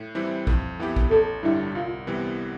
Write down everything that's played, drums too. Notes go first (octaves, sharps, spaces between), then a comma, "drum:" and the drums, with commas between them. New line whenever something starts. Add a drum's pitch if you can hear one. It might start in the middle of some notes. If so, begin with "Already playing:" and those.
Already playing: A2
E3 G3 C4 E4
F2, drum: kick
E3 B3 E4 G4
drum: kick
A1 A4
G2 D3 G3 E4
C2 F4
C3 E3 G3 B3